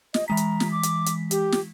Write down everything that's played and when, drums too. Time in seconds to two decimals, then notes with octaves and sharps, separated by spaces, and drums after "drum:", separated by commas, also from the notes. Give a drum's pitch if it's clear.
0.14 D#5, drum: snare
0.28 E3 G#3 A#5 B6
0.37 drum: hi-hat
0.60 drum: snare
0.72 D6
0.83 drum: hi-hat
1.06 drum: hi-hat
1.31 G4, drum: hi-hat
1.52 drum: snare